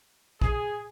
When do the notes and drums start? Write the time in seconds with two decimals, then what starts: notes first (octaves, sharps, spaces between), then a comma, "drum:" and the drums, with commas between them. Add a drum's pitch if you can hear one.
0.41 G#4, drum: kick